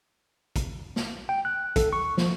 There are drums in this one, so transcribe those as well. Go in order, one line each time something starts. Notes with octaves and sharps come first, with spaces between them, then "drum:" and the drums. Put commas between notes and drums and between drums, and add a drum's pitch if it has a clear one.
drum: kick A1, hi-hat
drum: snare
G5
F#6
A4, drum: kick A1, hi-hat
C#6
F3, drum: snare